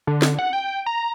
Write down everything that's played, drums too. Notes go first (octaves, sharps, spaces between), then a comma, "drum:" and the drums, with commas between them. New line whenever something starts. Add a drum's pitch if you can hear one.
D3
drum: snare
F#5
G5
A#5